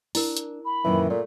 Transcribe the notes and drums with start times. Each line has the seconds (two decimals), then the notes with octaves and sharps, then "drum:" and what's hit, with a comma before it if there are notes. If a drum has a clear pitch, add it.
0.15 D4 E4 A#4, drum: open hi-hat
0.37 drum: hi-hat
0.65 B5
0.85 F#2 A#2 D#3 E3
1.10 A#2 A3